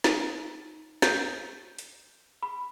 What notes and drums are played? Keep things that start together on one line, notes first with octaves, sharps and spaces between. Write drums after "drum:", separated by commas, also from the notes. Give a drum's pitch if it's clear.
D#4, drum: snare
G6, drum: snare
drum: hi-hat
B5